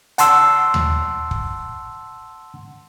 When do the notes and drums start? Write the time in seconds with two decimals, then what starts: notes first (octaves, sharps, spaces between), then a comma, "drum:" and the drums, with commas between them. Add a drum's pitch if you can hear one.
0.18 F#5 A5 C6 E6, drum: hi-hat
0.74 drum: tom D#2
1.31 drum: kick